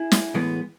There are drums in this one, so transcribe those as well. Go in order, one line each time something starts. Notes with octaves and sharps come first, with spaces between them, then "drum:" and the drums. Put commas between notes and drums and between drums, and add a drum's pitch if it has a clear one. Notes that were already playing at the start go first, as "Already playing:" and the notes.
Already playing: E4 G#4
drum: snare
A2 E3 G#3 B3